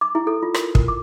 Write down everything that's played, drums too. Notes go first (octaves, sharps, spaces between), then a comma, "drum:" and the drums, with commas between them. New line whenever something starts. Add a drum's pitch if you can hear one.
D6
E4
A4
F4
A#4, drum: rim click
A#4, drum: kick
D6